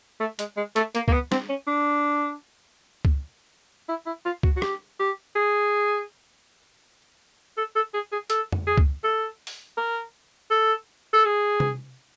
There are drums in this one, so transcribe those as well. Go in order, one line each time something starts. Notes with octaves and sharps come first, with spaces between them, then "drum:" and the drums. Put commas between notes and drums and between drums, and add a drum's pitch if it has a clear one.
A3
G#3, drum: hi-hat
G#3
A3, drum: hi-hat
A#3, drum: hi-hat
A#3, drum: kick C#2
B3
C4, drum: snare
C#4
D4
drum: kick C#2
E4
E4
F4
F#4, drum: kick C#2
F#4
G4, drum: rim click
G4
G#4
A4
A4
G#4
G#4
A4, drum: hi-hat
drum: tom F2
G#4
drum: kick C#2
A4
drum: open hi-hat
A#4
A4
A4
G#4
drum: tom C3